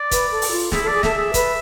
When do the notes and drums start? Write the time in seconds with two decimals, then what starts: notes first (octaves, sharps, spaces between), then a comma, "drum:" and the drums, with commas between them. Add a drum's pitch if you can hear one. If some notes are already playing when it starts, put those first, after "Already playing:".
Already playing: D5
0.11 B4, drum: kick, hi-hat
0.31 A4
0.42 drum: open hi-hat
0.52 F4
0.72 E4 G#4, drum: snare
0.83 A4 D5
0.93 G#4
1.03 A4 E5, drum: snare
1.15 G#4 E5
1.34 B4, drum: kick, hi-hat